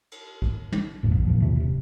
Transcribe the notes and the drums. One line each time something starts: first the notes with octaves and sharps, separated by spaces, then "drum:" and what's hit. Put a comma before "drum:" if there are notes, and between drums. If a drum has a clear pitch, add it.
drum: cymbal
drum: kick A#1
drum: tom
G1 F2 A#2
A#1 D3
D1 A#1 A#2 F3
D#2 C3
D1 C3